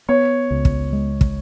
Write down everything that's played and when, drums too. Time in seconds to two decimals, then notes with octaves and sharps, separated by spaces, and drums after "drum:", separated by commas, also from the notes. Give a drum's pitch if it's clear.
0.09 B3 C#5
0.51 C#2
0.65 drum: kick
0.93 G#3
1.21 drum: kick